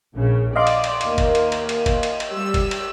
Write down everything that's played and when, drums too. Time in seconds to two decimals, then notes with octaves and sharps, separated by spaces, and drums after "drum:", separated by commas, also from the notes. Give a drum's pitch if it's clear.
0.14 A#1 C#3
0.56 D5 D#5 F5 C6
0.67 drum: cymbal
0.84 drum: cymbal
1.01 D#2 A#3, drum: cymbal
1.18 drum: kick, cymbal
1.35 drum: cymbal
1.52 drum: cymbal
1.69 drum: cymbal
1.86 drum: kick, cymbal
2.03 drum: cymbal
2.20 drum: cymbal
2.31 G3 E6
2.54 drum: kick, cymbal
2.71 drum: cymbal